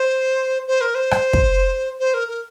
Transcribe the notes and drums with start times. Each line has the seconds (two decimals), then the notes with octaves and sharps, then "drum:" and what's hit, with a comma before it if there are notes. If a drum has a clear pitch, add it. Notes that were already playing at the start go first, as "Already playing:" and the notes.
Already playing: C5
0.67 C5
0.81 A#4
0.95 C5
1.11 drum: rim click
1.33 drum: kick
2.00 C5
2.14 A#4
2.28 A#4